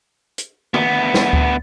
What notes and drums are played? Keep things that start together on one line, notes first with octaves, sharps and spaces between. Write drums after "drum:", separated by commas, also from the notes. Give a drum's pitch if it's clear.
drum: hi-hat
D2 B3, drum: tom
drum: snare
drum: kick D2